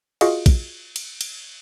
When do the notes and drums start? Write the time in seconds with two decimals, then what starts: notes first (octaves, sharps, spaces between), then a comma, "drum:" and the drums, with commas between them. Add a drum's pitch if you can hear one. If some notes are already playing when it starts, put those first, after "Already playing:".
0.21 F4 F#4 G#4 D#5 F5, drum: cymbal
0.46 drum: kick, cymbal
0.96 drum: cymbal
1.21 drum: cymbal